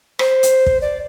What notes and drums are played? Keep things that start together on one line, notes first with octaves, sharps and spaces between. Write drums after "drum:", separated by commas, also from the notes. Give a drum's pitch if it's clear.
C5, drum: rim click
drum: hi-hat
drum: kick
D5